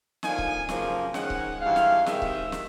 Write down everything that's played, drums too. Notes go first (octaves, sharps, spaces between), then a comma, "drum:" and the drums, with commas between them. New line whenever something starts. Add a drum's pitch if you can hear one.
D3 F3 A#3 D#4 G#5, drum: snare
drum: kick C#1
F#2 C#3 F3 A#3, drum: snare
D#3 G#3 C#4 F#5, drum: snare
drum: kick C#1
G2 E3 G#3 F5
drum: snare
C3 D#3 G#3 C4 E5, drum: snare
drum: kick C#1
drum: snare